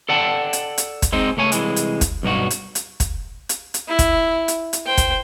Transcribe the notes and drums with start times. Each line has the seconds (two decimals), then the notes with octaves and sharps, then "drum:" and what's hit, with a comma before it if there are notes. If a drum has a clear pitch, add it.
0.09 A4 D5 F#5 G5 A5
0.53 drum: hi-hat
0.78 drum: hi-hat
1.02 drum: kick, hi-hat
1.13 G#3 C4 D#4
1.37 C#2 A3 C#5 G#5
1.52 C2 E3 G#3, drum: hi-hat
1.76 drum: hi-hat
2.01 drum: kick, hi-hat
2.23 B1 G2 D#4 F#4
2.50 drum: hi-hat
2.75 drum: hi-hat
3.00 drum: kick, hi-hat
3.49 drum: hi-hat
3.74 drum: hi-hat
3.88 E4
3.99 drum: kick, hi-hat
4.48 drum: hi-hat
4.73 drum: hi-hat
4.86 C5 G5
4.97 drum: kick, hi-hat